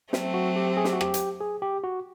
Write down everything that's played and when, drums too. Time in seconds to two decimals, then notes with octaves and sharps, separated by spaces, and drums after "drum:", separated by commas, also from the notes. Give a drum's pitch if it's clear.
0.13 F#3 A3 C4, drum: snare
0.34 F#4
0.56 G4
0.77 G#4
0.84 G4, drum: snare
0.93 F#4
1.01 G4, drum: rim click
1.14 drum: hi-hat
1.40 G#4
1.62 G4
1.84 F#4